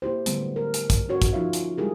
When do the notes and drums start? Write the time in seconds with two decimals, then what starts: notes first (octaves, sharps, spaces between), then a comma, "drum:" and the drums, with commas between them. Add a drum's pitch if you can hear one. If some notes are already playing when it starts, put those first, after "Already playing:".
0.02 A#3 E4 G4 C5
0.26 D3 F#3 G3 A3 B3, drum: hi-hat
0.56 A#4
0.74 drum: hi-hat
0.90 drum: kick, hi-hat
1.09 C#4 F#4 C#5
1.22 drum: kick, hi-hat
1.33 F3 D#4 F4 C#5 E5 F5
1.53 drum: hi-hat
1.78 G3 G#3 E4 G4 G#4 A#4